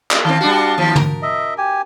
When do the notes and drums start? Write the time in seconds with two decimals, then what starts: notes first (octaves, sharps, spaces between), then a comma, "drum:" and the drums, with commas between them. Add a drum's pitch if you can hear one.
0.11 drum: clap
0.25 D#3 C4 F5 A5
0.41 G3 D4 F#4
0.78 D#2 F3
0.96 A#4, drum: tom
1.22 D#5 E5
1.58 G4 G#5